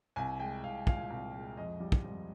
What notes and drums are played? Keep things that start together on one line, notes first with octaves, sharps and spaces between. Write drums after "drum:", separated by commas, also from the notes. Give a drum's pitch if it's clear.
C2 G#5
G#3 G5
C2 F5
A#2 F5, drum: kick
C2
G#3
F2 D#5
G3
drum: kick
F2